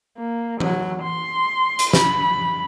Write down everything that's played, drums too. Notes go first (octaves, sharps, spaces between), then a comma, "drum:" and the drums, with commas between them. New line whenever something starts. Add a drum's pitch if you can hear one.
A#3
F#3, drum: tom E3
C6
drum: hi-hat
B5, drum: snare